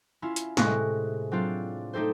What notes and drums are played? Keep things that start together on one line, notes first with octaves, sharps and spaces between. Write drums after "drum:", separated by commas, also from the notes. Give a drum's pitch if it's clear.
C#4 E4 F4
drum: hi-hat
A2 C3 G#3 C#6 F#6 A#6, drum: snare
F#3 C4 D4 F4 D5
A3 D#4 G4 A4 C5